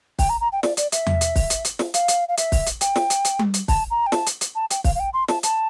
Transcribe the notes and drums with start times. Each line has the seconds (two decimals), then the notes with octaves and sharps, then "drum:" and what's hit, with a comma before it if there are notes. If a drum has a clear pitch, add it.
0.19 G5, drum: kick, open hi-hat
0.30 A#5
0.41 A#5
0.52 G5
0.63 D5, drum: snare
0.77 D5, drum: hi-hat
0.92 E5, drum: hi-hat
1.07 drum: tom E2
1.21 drum: hi-hat
1.36 drum: kick, open hi-hat
1.50 drum: hi-hat
1.65 drum: hi-hat
1.79 drum: snare
1.94 F5, drum: hi-hat
2.08 drum: hi-hat
2.28 F5
2.38 E5, drum: hi-hat
2.52 drum: kick, open hi-hat
2.67 drum: hi-hat
2.81 G5, drum: hi-hat
2.96 drum: snare
3.10 drum: hi-hat
3.25 drum: hi-hat
3.39 drum: tom G3
3.54 drum: hi-hat
3.68 A5, drum: kick, open hi-hat
3.90 A#5
4.07 G5
4.12 A5, drum: snare
4.27 drum: hi-hat
4.41 drum: hi-hat
4.55 A5
4.71 G5, drum: hi-hat
4.84 F5, drum: kick, open hi-hat
4.95 F5
5.00 G5
5.13 C6
5.28 A5, drum: snare
5.43 A5, drum: hi-hat